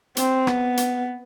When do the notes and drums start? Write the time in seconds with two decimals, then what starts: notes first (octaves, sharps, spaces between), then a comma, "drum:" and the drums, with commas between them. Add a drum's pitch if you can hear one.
0.17 C4, drum: hi-hat
0.47 B3, drum: rim click
0.77 drum: hi-hat